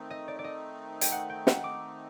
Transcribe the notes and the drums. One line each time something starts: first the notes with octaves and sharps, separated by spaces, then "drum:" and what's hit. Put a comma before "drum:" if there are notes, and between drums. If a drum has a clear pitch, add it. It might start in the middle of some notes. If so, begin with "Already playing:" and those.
Already playing: D#3 A3 C4 D#4
D#5
D5
D5
D#5
G5, drum: hi-hat
F#5
G5
F#5, drum: snare
D6